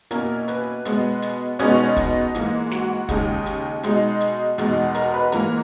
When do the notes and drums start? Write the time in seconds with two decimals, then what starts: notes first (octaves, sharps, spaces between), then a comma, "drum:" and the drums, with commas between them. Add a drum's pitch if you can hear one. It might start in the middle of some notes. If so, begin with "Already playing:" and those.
0.11 B2 A#3 C#4 E4 A#4, drum: hi-hat
0.48 B4, drum: hi-hat
0.85 B2 G#3 B3, drum: hi-hat
1.22 drum: hi-hat
1.59 B2 G#3 B3 C#4 D#4 C#5, drum: hi-hat
1.97 D#4 D#5, drum: kick, hi-hat
2.35 G#2 E3 A#3, drum: hi-hat
2.71 F#4 F#5, drum: snare
3.09 D#2 C#3 G#3 D#4, drum: kick, hi-hat
3.46 drum: hi-hat
3.83 B2 G#3 D#4, drum: hi-hat
4.21 drum: hi-hat
4.58 E2 B2 G#3 D#4, drum: hi-hat
4.95 A#4 A#5, drum: hi-hat
5.14 B4 B5
5.32 G#2 E3 A#3 E4 A#4 A#5, drum: hi-hat